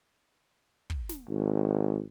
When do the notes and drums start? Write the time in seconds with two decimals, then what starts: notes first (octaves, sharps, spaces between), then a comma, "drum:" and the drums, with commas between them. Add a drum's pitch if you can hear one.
0.90 drum: kick
1.09 drum: snare
1.29 G#1